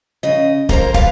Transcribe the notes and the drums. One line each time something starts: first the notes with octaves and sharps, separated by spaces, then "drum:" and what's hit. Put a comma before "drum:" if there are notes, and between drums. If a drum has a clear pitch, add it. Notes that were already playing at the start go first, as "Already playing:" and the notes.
C#3 D#5
A#3 A#4 C5 A#5, drum: kick
A#2 B4 F5, drum: kick